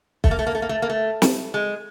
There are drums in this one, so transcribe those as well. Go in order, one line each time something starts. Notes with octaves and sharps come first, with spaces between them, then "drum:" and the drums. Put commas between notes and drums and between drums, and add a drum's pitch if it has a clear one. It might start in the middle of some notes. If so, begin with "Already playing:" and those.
A3, drum: kick
A#3
A3
A#3
A3
A#3
A3
A#3
A3
drum: snare
G#3